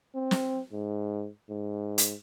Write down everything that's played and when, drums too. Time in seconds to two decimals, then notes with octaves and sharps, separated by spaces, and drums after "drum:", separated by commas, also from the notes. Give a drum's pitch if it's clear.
0.15 C4
0.31 drum: snare
0.72 G#2
1.49 G#2
1.98 drum: hi-hat